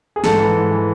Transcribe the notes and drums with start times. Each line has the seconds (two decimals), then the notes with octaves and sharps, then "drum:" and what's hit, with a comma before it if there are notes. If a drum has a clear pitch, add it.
0.16 G#4
0.24 G#2 A4, drum: snare
0.40 E3
0.55 G#2
0.71 E3